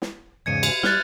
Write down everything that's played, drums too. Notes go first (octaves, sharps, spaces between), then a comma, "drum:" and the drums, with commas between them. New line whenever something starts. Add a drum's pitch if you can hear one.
drum: snare
E2 G#2 C#3 G#6 C#7 D#7
drum: cymbal
G3 F6 F#6 A6, drum: snare